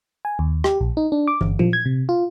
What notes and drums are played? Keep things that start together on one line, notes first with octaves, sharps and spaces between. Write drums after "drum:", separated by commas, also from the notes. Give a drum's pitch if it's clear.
G#5
D#2
G4, drum: rim click
A#1
D#4
D4
D6
G1, drum: tom
F3, drum: tom A#2
G#6
C3
F4